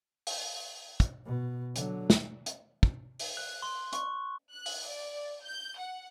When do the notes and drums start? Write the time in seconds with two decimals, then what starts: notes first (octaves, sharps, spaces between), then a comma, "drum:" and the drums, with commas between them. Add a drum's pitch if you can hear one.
0.27 drum: open hi-hat
1.00 drum: kick, hi-hat
1.26 B2
1.76 D3 F#3, drum: hi-hat
2.10 drum: snare
2.46 drum: hi-hat
2.83 drum: kick
3.19 drum: open hi-hat
3.37 F#6
3.62 C6
3.93 C#6, drum: hi-hat
4.53 F#6
4.66 drum: open hi-hat
4.86 D5
5.43 G6
5.79 F#5